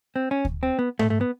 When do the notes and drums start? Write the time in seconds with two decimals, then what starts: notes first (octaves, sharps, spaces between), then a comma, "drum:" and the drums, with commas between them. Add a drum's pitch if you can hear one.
0.16 C4
0.31 C#4
0.45 drum: kick D2
0.63 C4
0.79 B3
0.99 A3, drum: tom G#2
1.10 A3
1.21 B3